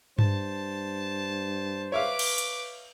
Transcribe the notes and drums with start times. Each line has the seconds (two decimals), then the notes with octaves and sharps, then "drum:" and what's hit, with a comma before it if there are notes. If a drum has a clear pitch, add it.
0.19 G2 C5 A5, drum: tom G2
1.92 B4 C#5 E5 F5 D6
2.19 drum: cymbal
2.38 drum: hi-hat